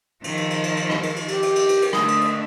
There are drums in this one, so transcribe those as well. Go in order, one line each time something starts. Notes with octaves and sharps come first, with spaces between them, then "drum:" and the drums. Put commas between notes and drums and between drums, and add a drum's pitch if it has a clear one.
D#3 F3, drum: cymbal
drum: cymbal
drum: cymbal
drum: cymbal
drum: cymbal
drum: rim click
drum: cymbal
drum: cymbal
G4, drum: cymbal
drum: cymbal
drum: cymbal
drum: cymbal
drum: cymbal
D3 A3 D#6, drum: rim click
drum: cymbal
drum: cymbal